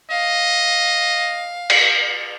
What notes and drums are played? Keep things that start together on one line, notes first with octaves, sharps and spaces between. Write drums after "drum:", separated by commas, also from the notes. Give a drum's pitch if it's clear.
D#5 F5
drum: cymbal